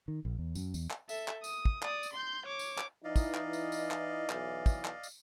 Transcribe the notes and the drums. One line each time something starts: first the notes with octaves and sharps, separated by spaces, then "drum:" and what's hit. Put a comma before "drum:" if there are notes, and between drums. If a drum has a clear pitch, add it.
D#3
A#1
E2
F#2, drum: tambourine
E2, drum: tambourine
drum: clap
A4 E5, drum: tambourine
drum: clap
D#6, drum: tambourine
drum: kick
D5 D#6, drum: clap
drum: tambourine
C6 G6
C#5 D6
drum: tambourine
drum: clap
E3 D#4 D5 D#5 F5
drum: kick, tambourine
drum: clap
drum: tambourine
drum: tambourine
drum: clap
B1 E3, drum: clap
drum: kick, tambourine
drum: clap
drum: tambourine